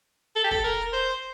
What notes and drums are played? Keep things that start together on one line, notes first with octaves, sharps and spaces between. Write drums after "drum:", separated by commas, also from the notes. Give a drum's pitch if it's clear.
A4
G4
A4, drum: kick
A#4
C5